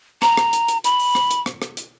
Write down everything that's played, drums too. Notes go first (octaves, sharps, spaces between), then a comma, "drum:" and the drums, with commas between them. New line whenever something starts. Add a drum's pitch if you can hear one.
A#5, drum: rim click
drum: rim click
drum: hi-hat
drum: hi-hat
B5, drum: hi-hat
drum: open hi-hat
drum: rim click
drum: hi-hat
drum: rim click
drum: rim click
drum: hi-hat